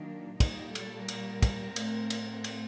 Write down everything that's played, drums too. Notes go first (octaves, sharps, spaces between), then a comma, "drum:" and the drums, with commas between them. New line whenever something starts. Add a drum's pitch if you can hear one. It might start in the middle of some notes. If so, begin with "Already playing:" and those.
Already playing: D#3 F#3 A#3 D4
A#2 G3 A#3 D#4, drum: kick, cymbal
A4, drum: cymbal
A#4, drum: cymbal
drum: kick, cymbal
A2 A3 C4, drum: cymbal
drum: cymbal
drum: cymbal